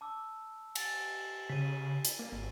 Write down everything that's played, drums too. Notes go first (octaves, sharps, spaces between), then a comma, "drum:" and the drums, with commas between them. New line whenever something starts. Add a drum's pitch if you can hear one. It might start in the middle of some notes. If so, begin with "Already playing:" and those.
A5 D6 E6
G#5 A6, drum: cymbal
C#3 B6 D#7
drum: hi-hat
A#3
G#1